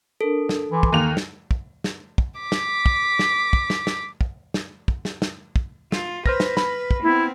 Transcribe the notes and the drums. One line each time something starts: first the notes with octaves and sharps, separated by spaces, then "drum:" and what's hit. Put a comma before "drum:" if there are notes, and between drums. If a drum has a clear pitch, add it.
D4 A4 A#4
drum: snare
E3 G#5 C6 D6
drum: kick
D#2 A#3 F7
drum: snare
drum: kick
drum: snare
drum: kick
D6 B6
drum: snare
drum: kick
drum: snare
drum: kick
drum: snare
drum: snare
drum: kick
drum: snare
drum: kick
drum: snare
drum: snare
drum: kick
F4, drum: snare
B4 C5 F6 A#6, drum: kick
drum: snare
B5, drum: snare
drum: kick
B3 C4 E4